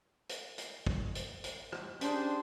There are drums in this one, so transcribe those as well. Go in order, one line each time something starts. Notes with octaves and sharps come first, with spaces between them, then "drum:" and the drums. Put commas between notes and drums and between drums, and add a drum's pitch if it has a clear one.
drum: hi-hat
drum: hi-hat
drum: kick
drum: hi-hat
drum: hi-hat
drum: rim click
C#4 D4 G4 G#4 C5, drum: hi-hat